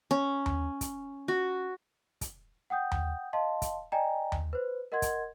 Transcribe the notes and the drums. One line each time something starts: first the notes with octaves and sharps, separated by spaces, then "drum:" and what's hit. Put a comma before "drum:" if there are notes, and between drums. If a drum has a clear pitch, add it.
C#4
drum: tom D#2
drum: kick, hi-hat
F#4
drum: kick, hi-hat
F#5 G5 D#6 G6
drum: tom D#2
D#5 F5 A5 C6
drum: kick, hi-hat
D5 D#5 G5 G#5 A#5
drum: tom D#2
B4 C5
A#4 D#5 F#5 C6 G#6
drum: kick, hi-hat